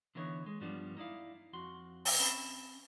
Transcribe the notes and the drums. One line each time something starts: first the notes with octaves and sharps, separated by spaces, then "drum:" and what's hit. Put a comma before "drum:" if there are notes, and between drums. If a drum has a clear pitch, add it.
D3 E3 B3 D#4 C#5
G#3
G2 F3 G3 B3 D4
D#4 E4 D5 F5
F2 F#4 C6
drum: open hi-hat
C4 C#4 A5 B5